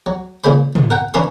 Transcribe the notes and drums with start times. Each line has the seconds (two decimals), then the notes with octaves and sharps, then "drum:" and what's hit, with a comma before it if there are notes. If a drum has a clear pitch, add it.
0.06 F#3
0.44 A#2 C#3 G#3 C5 B5
0.75 drum: tom
0.90 A#4 F#5 G5
1.14 E3 C#4 D4 A#4 B5 C6